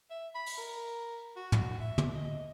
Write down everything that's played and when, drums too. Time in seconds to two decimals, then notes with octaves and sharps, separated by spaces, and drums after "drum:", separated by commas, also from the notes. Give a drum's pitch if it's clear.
0.10 E5
0.35 B5
0.46 drum: open hi-hat
0.58 A#4
1.37 F#4
1.52 drum: tom
1.80 E5
1.98 drum: tom
2.15 D#5